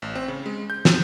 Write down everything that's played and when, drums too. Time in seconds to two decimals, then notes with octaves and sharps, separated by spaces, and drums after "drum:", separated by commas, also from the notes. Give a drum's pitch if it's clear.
0.02 A1
0.15 C4
0.28 C#3
0.46 G#3
0.70 G6
0.85 C3, drum: snare